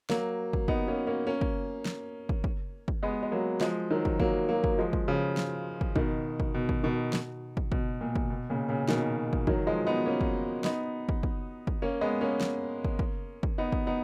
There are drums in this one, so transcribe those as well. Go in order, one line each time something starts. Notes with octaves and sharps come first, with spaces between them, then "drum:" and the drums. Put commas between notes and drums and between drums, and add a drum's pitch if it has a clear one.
F#3 A#3, drum: snare
drum: kick
B3 D#4, drum: kick
A#3 C#4
A#3 C#4
A#3 C#4
drum: kick
drum: snare
drum: kick
drum: kick
drum: kick
G#3 B3
G#3
F#3 A#3
F3 G#3, drum: snare
D#3 F#3
drum: kick
F#3 A#3, drum: kick
F#3 A#3
drum: kick
F3 G#3
drum: kick
C#3 F3
drum: snare
drum: kick
B2 D#3, drum: kick
drum: kick
B2
drum: kick
B2 D#3
drum: snare
drum: kick
B2, drum: kick
A#2
drum: kick
B2
A#2 C#3
A#2 C#3
B2 D#3, drum: snare
drum: kick
D#3 F#3, drum: kick
F3 G#3
B3 D#4
A#3 C#4
drum: kick
B3 D#4, drum: snare
drum: kick
drum: kick
drum: kick
A#3 C#4
G#3 B3
A#3 C#4
drum: snare
drum: kick
drum: kick
drum: kick
B3 D#4
drum: kick
B3 D#4